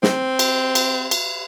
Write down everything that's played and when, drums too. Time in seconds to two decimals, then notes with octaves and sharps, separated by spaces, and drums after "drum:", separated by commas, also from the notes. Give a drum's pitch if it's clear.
0.03 C4, drum: snare
0.39 drum: cymbal
0.75 drum: cymbal
1.11 drum: cymbal